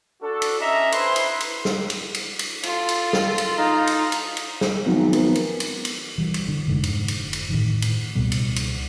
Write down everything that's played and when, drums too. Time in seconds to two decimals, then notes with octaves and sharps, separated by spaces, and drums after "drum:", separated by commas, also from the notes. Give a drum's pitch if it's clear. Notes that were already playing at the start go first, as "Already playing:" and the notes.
0.22 D4 F#4 A4
0.42 drum: cymbal
0.60 C#4 D4 D#5 E5 A#5
0.92 E4 B4 C5 C6, drum: cymbal
1.16 drum: cymbal
1.40 drum: cymbal
1.65 drum: snare
1.90 drum: cymbal
2.14 drum: cymbal
2.39 drum: cymbal
2.63 F4 A4, drum: cymbal
2.89 drum: cymbal
3.13 drum: snare
3.38 drum: cymbal
3.58 D#4 F5 A#5
3.87 drum: cymbal
4.12 drum: cymbal
4.37 drum: cymbal
4.61 drum: snare
4.86 G#1 F3 F#3 B3
5.13 B3 C4 A#4, drum: cymbal
5.35 drum: cymbal
5.60 drum: cymbal
5.85 drum: cymbal
6.18 E3 G3
6.34 drum: cymbal
6.48 D3
6.68 F1 G#2 D3
6.84 drum: cymbal
7.08 drum: cymbal
7.33 drum: cymbal
7.50 A2 D#3 E3
7.82 drum: cymbal
8.15 C#2 B2 G3 A#3
8.32 drum: cymbal
8.56 drum: cymbal